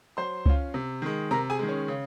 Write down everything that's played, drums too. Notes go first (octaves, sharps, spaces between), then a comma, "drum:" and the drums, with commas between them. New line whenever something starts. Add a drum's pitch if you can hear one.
F#3 C5 C6
C#4 F4, drum: kick C#2
C3
D#3 G#3
C3 A#4 A#5
G#4 G#5
D#3 G#3
C#4 C#5
C#3